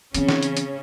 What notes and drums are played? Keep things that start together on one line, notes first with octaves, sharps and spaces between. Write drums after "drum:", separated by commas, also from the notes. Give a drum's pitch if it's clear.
C#3 E3 C4 C#4, drum: hi-hat
drum: snare
drum: hi-hat
drum: hi-hat